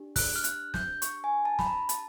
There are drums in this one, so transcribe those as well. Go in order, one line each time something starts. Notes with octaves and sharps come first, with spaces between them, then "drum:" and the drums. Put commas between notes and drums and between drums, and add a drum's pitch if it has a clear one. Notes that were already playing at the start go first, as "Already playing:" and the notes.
Already playing: D4 G4
F#6, drum: kick, open hi-hat
F6
F#6, drum: hi-hat
G6, drum: snare
C#6, drum: hi-hat
G#5
A5
B5, drum: snare
A#5
A5, drum: hi-hat